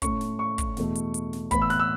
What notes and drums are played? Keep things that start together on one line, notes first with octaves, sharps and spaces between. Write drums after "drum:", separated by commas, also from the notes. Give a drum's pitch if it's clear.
A2 A3 C#4 C#6, drum: kick, hi-hat
drum: snare
C#6
drum: kick, hi-hat
E2 B2 A3, drum: snare
drum: hi-hat
drum: hi-hat
drum: snare
A2 E3 B3 B5, drum: kick, hi-hat
E6
F#6, drum: snare
E6